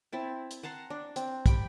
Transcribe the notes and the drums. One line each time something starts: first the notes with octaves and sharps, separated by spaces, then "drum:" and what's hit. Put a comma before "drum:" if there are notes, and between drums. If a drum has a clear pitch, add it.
C4 E4 A5
drum: hi-hat
F#5 A5 A#5 C6
D4
C4, drum: hi-hat
G4 G5 B5, drum: kick, hi-hat